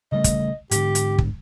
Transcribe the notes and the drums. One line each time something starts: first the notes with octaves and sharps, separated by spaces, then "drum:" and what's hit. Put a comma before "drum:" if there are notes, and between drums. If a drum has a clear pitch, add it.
C#3 G3 A3 D#5
drum: kick, hi-hat
G#2 D3 G4, drum: hi-hat
drum: hi-hat
drum: kick